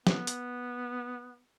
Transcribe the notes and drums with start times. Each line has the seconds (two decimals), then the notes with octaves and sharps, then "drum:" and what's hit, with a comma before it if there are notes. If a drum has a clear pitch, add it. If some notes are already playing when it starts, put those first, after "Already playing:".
0.07 B3, drum: snare
0.27 drum: hi-hat